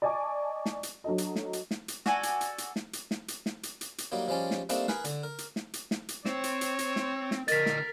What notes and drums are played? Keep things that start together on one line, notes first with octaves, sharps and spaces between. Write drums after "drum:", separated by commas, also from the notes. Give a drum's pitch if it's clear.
D5 D#5 G#5 A5 C#6 D6
drum: snare
drum: hi-hat
F#3 D4 A4 D#5
drum: hi-hat
drum: snare
drum: hi-hat
drum: snare
drum: hi-hat
F#4 A4 D5 G#5, drum: snare
drum: hi-hat
drum: hi-hat
drum: hi-hat
drum: snare
drum: hi-hat
drum: snare
drum: hi-hat
drum: snare
drum: hi-hat
drum: hi-hat
drum: hi-hat
F#3 G3 A#3 D#4
F3 G3 G#3 C#4 D5
drum: snare
G3 A3 A#3 C4 D4 D#4, drum: hi-hat
G#4 A#4 B4, drum: snare
D3, drum: hi-hat
A#4
drum: hi-hat
drum: snare
drum: hi-hat
drum: snare
drum: hi-hat
C4 C#5, drum: snare
drum: hi-hat
drum: hi-hat
drum: hi-hat
drum: snare
drum: snare
D3 A#4 D#5 A6 B6, drum: hi-hat
drum: snare